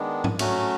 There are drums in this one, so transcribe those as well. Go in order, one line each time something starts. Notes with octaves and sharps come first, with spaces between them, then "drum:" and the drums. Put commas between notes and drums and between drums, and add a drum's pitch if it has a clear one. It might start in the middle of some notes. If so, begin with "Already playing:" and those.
Already playing: D#3 G#3 B3 D4
drum: tom G#2
F#3 A3 C#4 F#4, drum: cymbal